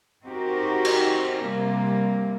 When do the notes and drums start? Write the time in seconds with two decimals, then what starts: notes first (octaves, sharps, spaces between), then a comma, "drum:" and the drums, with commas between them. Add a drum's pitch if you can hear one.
0.25 C4 D#4 F#4 G4 A#4
0.85 drum: cymbal
1.44 C3 G3 A#3